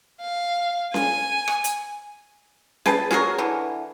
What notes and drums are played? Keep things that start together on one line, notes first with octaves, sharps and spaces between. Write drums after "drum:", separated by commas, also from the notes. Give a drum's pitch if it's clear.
F5
G#5, drum: snare C#4
drum: rim click
drum: hi-hat
G#4 B4 G5 A5, drum: snare C#4
C#4 F#4 G#4 A#4, drum: snare C#4
D3 E3